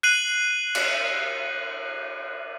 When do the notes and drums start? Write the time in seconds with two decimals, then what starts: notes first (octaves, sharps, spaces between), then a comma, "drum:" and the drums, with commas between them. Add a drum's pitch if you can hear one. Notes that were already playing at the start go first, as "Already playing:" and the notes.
0.03 F#6 C7 D#7 F#7
0.75 drum: cymbal